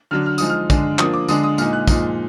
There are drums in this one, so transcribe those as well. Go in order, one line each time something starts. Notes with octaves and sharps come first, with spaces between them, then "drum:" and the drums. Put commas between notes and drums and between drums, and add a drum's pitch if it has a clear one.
D3 F#3 D4 F6
F6
F3 G#3 D#4 D#6, drum: tambourine
F6
D3 G#3 D4, drum: kick, tambourine
F3 A#3 D4 D#6, drum: clap
D6
D3 G#3 D4 D#6, drum: tambourine
D#6
A#2 G#3 D#4 F6, drum: tambourine
F#6
A#2 F3 G#3 D#4, drum: kick, tambourine